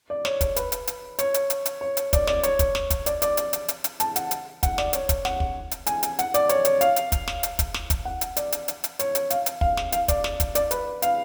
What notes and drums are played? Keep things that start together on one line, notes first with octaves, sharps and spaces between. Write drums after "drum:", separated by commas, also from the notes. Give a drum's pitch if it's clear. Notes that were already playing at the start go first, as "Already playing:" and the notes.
D5
C#5, drum: snare
drum: kick, hi-hat
B4, drum: hi-hat
drum: hi-hat
drum: hi-hat
C#5, drum: hi-hat
drum: hi-hat
drum: hi-hat
drum: hi-hat
C#5
drum: hi-hat
D5, drum: kick, hi-hat
D5, drum: snare
C#5, drum: hi-hat
drum: kick, hi-hat
drum: snare
drum: kick, hi-hat
D5, drum: hi-hat
D5, drum: hi-hat
drum: hi-hat
drum: hi-hat
drum: hi-hat
drum: hi-hat
A5, drum: hi-hat
F#5, drum: hi-hat
drum: hi-hat
F#5, drum: kick, hi-hat
D5, drum: snare
C#5, drum: hi-hat
drum: kick, hi-hat
F#5, drum: snare
drum: kick
drum: hi-hat
G#5, drum: hi-hat
drum: hi-hat
F#5, drum: hi-hat
D5, drum: hi-hat
C#5, drum: hi-hat
C#5, drum: hi-hat
F5, drum: hi-hat
drum: hi-hat
drum: kick, hi-hat
drum: snare
drum: hi-hat
drum: kick, hi-hat
drum: snare
drum: kick, hi-hat
F#5
drum: hi-hat
D5, drum: hi-hat
drum: hi-hat
drum: hi-hat
drum: hi-hat
C#5, drum: hi-hat
drum: hi-hat
F5, drum: hi-hat
drum: hi-hat
F5, drum: kick
drum: snare
F5, drum: hi-hat
D5, drum: kick, hi-hat
drum: snare
drum: kick, hi-hat
D5, drum: hi-hat
B4, drum: hi-hat
F5, drum: hi-hat